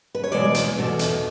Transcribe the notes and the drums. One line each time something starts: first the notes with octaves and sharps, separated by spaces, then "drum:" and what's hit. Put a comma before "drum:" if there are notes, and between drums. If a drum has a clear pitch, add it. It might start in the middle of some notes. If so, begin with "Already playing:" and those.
B4
C#5
E2 B2 G#3 D5
drum: hi-hat
E2 B2 A3
drum: hi-hat